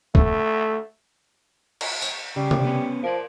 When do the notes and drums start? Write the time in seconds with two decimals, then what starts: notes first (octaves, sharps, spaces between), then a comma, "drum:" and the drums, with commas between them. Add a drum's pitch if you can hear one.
0.15 A3, drum: kick
1.81 drum: cymbal
2.02 drum: tambourine
2.36 C#3 G3
2.51 drum: tom C3
2.65 B3 C#4
3.04 F3 A#4 D5